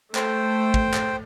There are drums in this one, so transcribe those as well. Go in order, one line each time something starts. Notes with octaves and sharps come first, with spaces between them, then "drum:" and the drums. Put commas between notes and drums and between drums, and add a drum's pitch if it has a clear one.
A3 C5 G5, drum: clap
drum: kick
drum: clap